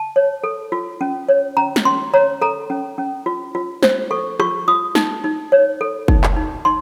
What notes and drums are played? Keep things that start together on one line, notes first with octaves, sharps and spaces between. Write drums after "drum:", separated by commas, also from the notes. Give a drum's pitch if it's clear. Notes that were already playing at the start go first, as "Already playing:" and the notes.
Already playing: A5
C#5
A4
F4
C#4
C#5
C#4 A#5
drum: snare
C#4 C6
C#5 A#5
A4 A#5
C#4
C#4
F4
F4
C5, drum: snare
A4 C#6
F4 C#6, drum: rim click
F4 D#6
D#4, drum: snare
D#4
C#5
A4
D#4, drum: kick
drum: clap
D#4
D#4 C6